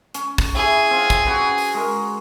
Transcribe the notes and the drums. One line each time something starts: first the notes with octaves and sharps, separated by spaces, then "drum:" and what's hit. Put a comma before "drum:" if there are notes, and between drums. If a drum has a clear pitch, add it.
C#4, drum: hi-hat
drum: kick, open hi-hat
E4 G#4
C4 F4
drum: kick, hi-hat
C#4 F#4 B4
drum: open hi-hat
G#3 A#4